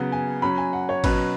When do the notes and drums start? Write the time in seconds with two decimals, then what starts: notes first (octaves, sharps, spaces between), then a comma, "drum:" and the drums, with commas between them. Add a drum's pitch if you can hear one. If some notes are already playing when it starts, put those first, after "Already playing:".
Already playing: C#3 F#3 B3 F#5
0.12 G#5
0.42 F#3 C#4 B5
0.58 G#5
0.73 F#5
0.89 C#5
1.04 B2 F#3 C#4 B4, drum: kick G#1, cymbal